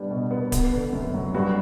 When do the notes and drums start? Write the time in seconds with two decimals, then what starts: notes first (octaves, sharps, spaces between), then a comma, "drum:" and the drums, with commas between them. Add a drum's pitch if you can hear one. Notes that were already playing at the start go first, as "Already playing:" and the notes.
Already playing: G3 B3 D4
0.11 B2
0.31 B3
0.52 B3, drum: kick D1, hi-hat
0.72 D3
0.93 F#2
1.14 F#3
1.34 G2 F#4